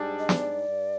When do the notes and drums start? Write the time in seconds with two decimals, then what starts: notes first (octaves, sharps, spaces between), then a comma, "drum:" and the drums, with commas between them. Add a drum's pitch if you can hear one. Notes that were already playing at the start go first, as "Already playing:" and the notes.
Already playing: G#2 G3 D4 G#4
0.19 D#5
0.29 D5, drum: snare
0.68 G2